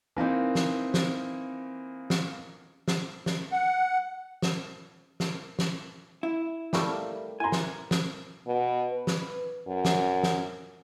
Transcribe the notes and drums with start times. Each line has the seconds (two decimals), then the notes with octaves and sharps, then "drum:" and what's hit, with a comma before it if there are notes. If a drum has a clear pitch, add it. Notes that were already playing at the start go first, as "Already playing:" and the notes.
0.16 E3 A#3 C4 D#4
0.55 drum: snare
0.94 drum: snare
2.10 drum: snare
2.88 drum: snare
3.26 drum: snare
3.52 F#5
4.42 drum: snare
5.20 drum: snare
5.59 drum: snare
6.23 E4
6.73 G3 A3 A#3 G4, drum: snare
7.40 E4 G#5 A#5 C6
7.52 drum: snare
7.91 drum: snare
8.47 B2
8.92 B4
9.07 drum: snare
9.67 F#2
9.85 drum: snare
10.23 drum: snare